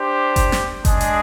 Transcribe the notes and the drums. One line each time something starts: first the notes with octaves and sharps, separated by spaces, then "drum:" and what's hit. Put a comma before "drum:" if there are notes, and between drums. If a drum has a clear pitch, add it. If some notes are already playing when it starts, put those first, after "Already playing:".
Already playing: D4 G4 C5
drum: kick F#1, hi-hat
drum: snare
G#3 D4 G#4 D#5, drum: kick F#1, hi-hat
drum: hi-hat